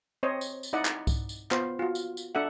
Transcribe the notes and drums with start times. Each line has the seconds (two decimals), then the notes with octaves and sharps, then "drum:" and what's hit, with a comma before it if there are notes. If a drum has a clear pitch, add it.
0.23 C4 C5 C#5 D#5
0.41 drum: tambourine
0.63 drum: tambourine
0.73 D#4 E4 D5 D#5 F#5
0.85 drum: clap
1.07 drum: kick C2, tambourine
1.29 drum: tambourine
1.51 B3 F4 C5, drum: clap
1.79 F4 F#4
1.95 drum: tambourine
2.17 drum: tambourine
2.35 D4 A4 E5 F#5